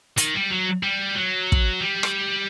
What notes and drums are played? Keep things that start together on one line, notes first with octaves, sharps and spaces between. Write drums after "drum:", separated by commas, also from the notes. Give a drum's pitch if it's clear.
D#3, drum: hi-hat
G3
F#3
G3
F#3
drum: kick
G3
drum: rim click